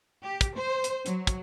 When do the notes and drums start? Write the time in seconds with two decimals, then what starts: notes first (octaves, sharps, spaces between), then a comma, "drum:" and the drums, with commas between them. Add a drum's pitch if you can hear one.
0.24 G4
0.41 drum: kick, hi-hat
0.56 C5
0.84 drum: hi-hat
1.06 F#3, drum: hi-hat
1.27 drum: kick, hi-hat